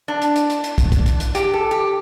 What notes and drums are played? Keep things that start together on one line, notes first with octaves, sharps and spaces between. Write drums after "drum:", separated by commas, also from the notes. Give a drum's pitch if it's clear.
D4
drum: hi-hat
drum: hi-hat
drum: hi-hat
drum: hi-hat
drum: kick, hi-hat
drum: kick, hi-hat
drum: hi-hat
drum: hi-hat
G4, drum: hi-hat
A4
G4